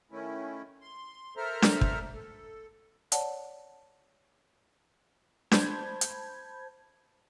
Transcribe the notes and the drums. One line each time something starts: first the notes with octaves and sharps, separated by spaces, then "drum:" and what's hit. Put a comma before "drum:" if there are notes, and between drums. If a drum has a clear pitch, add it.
D#3 A3 C#4 E4
C6
A4 A#4 C5 E5 A#5 F6
drum: snare D4
drum: kick
A4
C#5 D5 F#5 A5, drum: hi-hat
C5 A5 B5 G6 G#6, drum: snare D4
drum: hi-hat